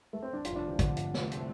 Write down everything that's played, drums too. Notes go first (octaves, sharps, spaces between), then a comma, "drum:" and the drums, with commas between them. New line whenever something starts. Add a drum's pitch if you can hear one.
A3
C4
D4
F1 F2 C3 F4, drum: hi-hat
D4
F3
D3, drum: kick, hi-hat
drum: hi-hat
C2 C3 A3 C4, drum: snare
drum: hi-hat